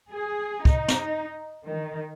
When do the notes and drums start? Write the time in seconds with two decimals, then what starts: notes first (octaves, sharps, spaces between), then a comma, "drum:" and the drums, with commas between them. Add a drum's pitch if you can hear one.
0.11 G#4
0.65 D#4, drum: kick
0.88 drum: snare
1.65 D#3